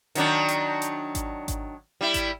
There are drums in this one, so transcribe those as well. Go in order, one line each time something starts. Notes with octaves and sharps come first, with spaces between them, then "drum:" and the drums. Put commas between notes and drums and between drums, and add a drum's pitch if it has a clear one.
D#3 F#3 D4, drum: hi-hat
drum: hi-hat
drum: hi-hat
drum: kick G#1, hi-hat
drum: kick G#1, hi-hat
G3 E4
drum: kick G#1, hi-hat